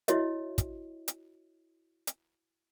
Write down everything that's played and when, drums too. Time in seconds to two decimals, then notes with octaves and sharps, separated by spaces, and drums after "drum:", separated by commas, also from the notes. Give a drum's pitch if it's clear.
0.08 E4 F#4 C#5 D#5 E5, drum: hi-hat
0.58 drum: kick, hi-hat
1.08 drum: hi-hat
2.07 drum: hi-hat